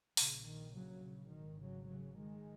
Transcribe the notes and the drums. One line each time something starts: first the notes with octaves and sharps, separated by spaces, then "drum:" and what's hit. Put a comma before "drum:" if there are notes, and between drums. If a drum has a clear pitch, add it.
A#1 A#2 C#3, drum: open hi-hat
D#3
C#3 F#3
C#3
G#1 G#2 D#3
C#3 F#3
C#3 F#3
D#3 G#3